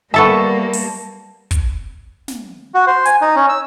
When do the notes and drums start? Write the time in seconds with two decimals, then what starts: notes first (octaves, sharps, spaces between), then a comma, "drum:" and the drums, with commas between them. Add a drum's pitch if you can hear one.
0.14 G3 A#3 B3 A4 E5 A5 C#6
0.73 drum: open hi-hat
1.51 drum: kick, hi-hat
2.28 drum: snare
2.74 F#4
2.87 C5
3.05 G#5, drum: hi-hat
3.22 D#4
3.36 C#4
3.49 E6